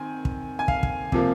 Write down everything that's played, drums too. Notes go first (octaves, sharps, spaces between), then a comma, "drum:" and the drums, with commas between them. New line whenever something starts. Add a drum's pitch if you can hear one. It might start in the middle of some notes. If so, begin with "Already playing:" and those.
Already playing: D#3 C4 G#5
drum: kick
G#5
F5, drum: kick
drum: kick
C3 F3 A#3, drum: kick